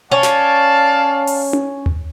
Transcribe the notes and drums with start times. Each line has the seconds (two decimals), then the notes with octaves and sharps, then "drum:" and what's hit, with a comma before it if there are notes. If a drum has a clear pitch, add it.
0.11 C#4 D5 F5 A5
0.23 drum: snare
1.27 drum: open hi-hat
1.53 drum: tom C#4
1.86 drum: tom D#2